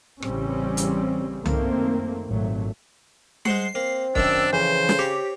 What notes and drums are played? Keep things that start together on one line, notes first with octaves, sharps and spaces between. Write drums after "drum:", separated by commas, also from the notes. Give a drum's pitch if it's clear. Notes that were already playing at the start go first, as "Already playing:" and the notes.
A1 C#3 E3 G3 C4 C#4, drum: rim click
drum: hi-hat
F#2 D#3 A3 A#3 C4, drum: tom C2
G#1 A#2 F#3 A3
G#3 C5 F#5 C7, drum: tom G3
A#3 C4
F#2 D#3 D4 E6, drum: kick C#1
F2 C#3 E3 C5
drum: snare
C4 G4 C#5